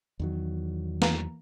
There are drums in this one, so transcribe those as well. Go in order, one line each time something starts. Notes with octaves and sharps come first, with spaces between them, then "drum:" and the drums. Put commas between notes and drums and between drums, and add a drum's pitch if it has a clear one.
E2 D#3 F#3
E3 A#3 A#5, drum: snare